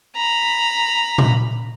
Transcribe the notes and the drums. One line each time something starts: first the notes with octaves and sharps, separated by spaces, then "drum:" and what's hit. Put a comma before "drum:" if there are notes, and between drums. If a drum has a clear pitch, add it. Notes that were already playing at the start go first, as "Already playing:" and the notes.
A#5 B5
drum: tom A#2